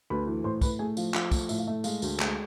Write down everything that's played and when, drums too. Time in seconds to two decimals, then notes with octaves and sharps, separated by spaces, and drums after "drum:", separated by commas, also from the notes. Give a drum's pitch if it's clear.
0.10 D2 B4 B5
0.27 E3
0.44 A2 C5 C6
0.61 A2 B4 B5, drum: kick, tambourine
0.79 A3 G#4 G#5
0.97 F3 F5, drum: tambourine
1.14 F3 F5, drum: clap
1.31 A3, drum: kick, tambourine
1.49 A2 E5, drum: tambourine
1.58 F5
1.67 A3 E5
1.84 G#3 F5, drum: tambourine
2.02 D2, drum: tambourine
2.20 G#3, drum: clap